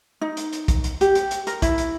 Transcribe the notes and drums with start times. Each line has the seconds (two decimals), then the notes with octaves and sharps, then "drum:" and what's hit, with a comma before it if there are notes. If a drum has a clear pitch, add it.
0.21 D#4
0.37 drum: hi-hat
0.53 drum: hi-hat
0.68 drum: kick, hi-hat
0.84 drum: hi-hat
1.01 G4, drum: hi-hat
1.15 drum: hi-hat
1.31 drum: hi-hat
1.47 A#4, drum: hi-hat
1.62 E4, drum: kick, hi-hat
1.78 drum: hi-hat